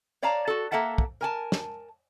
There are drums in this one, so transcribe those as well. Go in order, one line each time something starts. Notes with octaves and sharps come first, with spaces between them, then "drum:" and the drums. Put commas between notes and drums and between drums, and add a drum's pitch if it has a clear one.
C#5 D5 F5 A5 A#5
F#4 A4
A#3 A4 E5 F#5 A5
drum: kick
A#4 G#5 A5
drum: snare